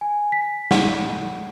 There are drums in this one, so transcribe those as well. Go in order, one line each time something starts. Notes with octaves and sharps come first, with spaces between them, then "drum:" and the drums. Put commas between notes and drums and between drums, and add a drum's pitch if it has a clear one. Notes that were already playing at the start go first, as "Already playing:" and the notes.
G#5
B6
F#5, drum: snare